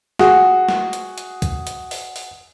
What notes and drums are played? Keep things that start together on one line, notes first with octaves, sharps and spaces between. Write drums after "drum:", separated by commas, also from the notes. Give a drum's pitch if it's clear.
F#4 G#4, drum: snare
drum: snare
drum: hi-hat
drum: hi-hat
drum: kick, hi-hat
drum: hi-hat
drum: open hi-hat
drum: open hi-hat